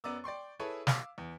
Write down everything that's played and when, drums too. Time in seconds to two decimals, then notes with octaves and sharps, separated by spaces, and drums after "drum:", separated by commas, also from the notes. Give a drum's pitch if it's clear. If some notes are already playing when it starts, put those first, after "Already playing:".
0.04 F#2 B3 D5 A#5 D6 E6
0.24 D5 G5 C6 C#6
0.59 E4 G#4 A4 B4 C#5
0.87 F5 D6 E6, drum: snare
1.18 E2